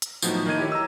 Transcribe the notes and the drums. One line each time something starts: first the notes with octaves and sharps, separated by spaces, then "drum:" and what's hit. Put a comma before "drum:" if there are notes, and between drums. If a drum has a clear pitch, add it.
drum: hi-hat
A2 F3 F#3 B3 D#4, drum: tambourine
D#3 A#3 D#5 G#6 D#7
E4 G4 C#5
A#5 E6